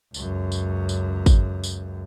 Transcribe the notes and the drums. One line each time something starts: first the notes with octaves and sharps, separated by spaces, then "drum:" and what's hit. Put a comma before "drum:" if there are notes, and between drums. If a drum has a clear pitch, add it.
C#2 F#2, drum: tambourine
drum: tambourine
drum: tambourine
drum: kick, tambourine
drum: tambourine